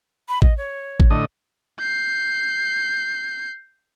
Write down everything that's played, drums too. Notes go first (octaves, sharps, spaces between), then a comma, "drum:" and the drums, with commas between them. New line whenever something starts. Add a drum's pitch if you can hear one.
B5
D#5, drum: kick A1
C#5
drum: kick A1
A2 D3 D#5
G6 C7